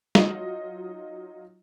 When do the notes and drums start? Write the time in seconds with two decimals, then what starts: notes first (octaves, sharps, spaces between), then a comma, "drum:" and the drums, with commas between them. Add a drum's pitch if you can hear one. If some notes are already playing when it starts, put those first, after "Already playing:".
0.15 F#3 D#4 F4 D#5, drum: snare